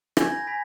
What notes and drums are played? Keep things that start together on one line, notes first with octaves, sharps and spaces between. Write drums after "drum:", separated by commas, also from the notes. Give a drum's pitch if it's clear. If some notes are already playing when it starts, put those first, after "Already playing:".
G#5 B5 G6 G#6, drum: rim click
A#6
G#5 B5 B6